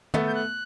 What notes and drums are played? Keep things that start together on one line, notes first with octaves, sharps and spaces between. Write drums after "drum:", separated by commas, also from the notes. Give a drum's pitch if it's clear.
A3 B3, drum: tom
G6
F#6